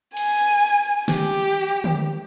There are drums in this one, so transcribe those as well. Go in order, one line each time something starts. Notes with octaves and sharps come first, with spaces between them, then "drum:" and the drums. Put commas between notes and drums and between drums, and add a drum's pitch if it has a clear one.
G#5, drum: cymbal
G4, drum: snare
drum: tom D3